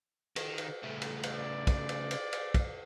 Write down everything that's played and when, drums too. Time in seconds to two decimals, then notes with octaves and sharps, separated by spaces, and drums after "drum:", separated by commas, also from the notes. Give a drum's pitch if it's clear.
0.36 D#3, drum: cymbal
0.58 drum: cymbal
0.83 C#3 A3
1.02 drum: cymbal
1.23 drum: cymbal
1.33 D5
1.67 drum: kick, cymbal
1.89 drum: cymbal
2.11 drum: cymbal
2.33 drum: cymbal
2.54 drum: kick, cymbal